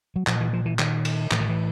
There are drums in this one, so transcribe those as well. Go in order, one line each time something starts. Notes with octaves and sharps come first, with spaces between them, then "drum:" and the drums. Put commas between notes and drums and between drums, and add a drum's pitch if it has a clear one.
F#3
A#2 F3, drum: clap
E3
F3
E3
D#3, drum: clap
drum: cymbal
A2 E3, drum: clap
D#3
E3